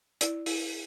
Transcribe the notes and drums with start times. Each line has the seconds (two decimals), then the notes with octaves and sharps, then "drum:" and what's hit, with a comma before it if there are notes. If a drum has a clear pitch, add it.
0.21 E4 D5, drum: hi-hat
0.46 E4, drum: open hi-hat